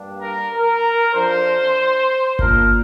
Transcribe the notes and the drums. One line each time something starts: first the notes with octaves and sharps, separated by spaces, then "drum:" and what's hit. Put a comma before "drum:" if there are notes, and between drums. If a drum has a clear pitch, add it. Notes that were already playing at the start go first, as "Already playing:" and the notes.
Already playing: G2 G3 A#3 D4
A#4
A#4
F2 F3 D4 C5
A#2 A#3 D4 A#4, drum: kick G1